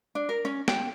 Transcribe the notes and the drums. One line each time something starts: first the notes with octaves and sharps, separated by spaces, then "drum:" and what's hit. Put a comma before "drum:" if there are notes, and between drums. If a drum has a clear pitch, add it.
D4
A#4
C#4
G5, drum: snare